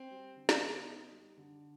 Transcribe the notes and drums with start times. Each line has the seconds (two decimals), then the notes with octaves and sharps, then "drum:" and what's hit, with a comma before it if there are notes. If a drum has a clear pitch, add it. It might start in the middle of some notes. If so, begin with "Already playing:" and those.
Already playing: C4
0.11 G3
0.36 D3
0.49 drum: snare
0.62 B3
0.87 D#4
1.12 G3
1.37 D3